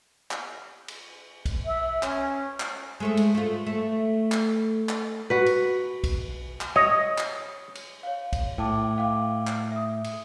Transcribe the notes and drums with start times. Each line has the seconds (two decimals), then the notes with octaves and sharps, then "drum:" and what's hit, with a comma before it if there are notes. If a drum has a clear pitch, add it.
0.31 drum: clap
0.88 drum: cymbal
1.45 drum: kick, cymbal
1.65 E5
2.03 C#4, drum: clap
2.60 drum: clap
3.00 G#3 A3 A4
3.17 drum: cymbal
3.35 A3 F4
3.66 A3
4.32 drum: clap
4.89 drum: clap
5.30 F#4 B4
5.46 drum: cymbal
6.04 drum: kick, cymbal
6.61 drum: clap
6.76 C#5 D#5
7.18 drum: clap
7.75 drum: cymbal
8.03 C#5 F5
8.33 drum: kick, cymbal
8.58 A2 G5 A5 D6
8.98 F5 G5 D6
9.47 drum: clap
9.72 E5 D#6
10.04 drum: cymbal